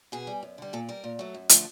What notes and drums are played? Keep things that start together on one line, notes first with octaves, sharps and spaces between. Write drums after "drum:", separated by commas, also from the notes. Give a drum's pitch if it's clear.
B2 G#4
G3
F#2
D3 G3
A#2 A4
G3 A#4
A#2
F#3 A3
F#2
D3 F3 A3, drum: hi-hat